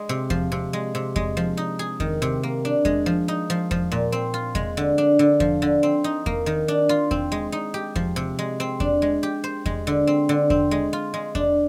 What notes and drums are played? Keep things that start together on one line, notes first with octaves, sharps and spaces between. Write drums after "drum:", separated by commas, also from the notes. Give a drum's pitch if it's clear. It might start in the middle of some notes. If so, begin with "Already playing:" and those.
Already playing: G#3
C3
F3, drum: kick E2
C3
G#3
C3
G#3, drum: kick E2
F3
D#4
G#4
D#3, drum: kick E2
C3
A#3
D4
G#3, drum: kick E2
F3
D#4
F3
F3, drum: kick E2
A#2
C4
F4
G#3, drum: kick E2
D3
D4
D3
F3, drum: kick E2
D3
C4
D#4
A#3, drum: kick E2
D#3
D4
F4
C4, drum: kick E2
G#3
D#4
G4
F3, drum: kick E2
C3
G#3
C4
D4, drum: kick E2
G#3
G4
C5
G#3, drum: kick E2
D3
C4
D3
C4, drum: kick E2
G#3
F4
G#3
D4, drum: kick E2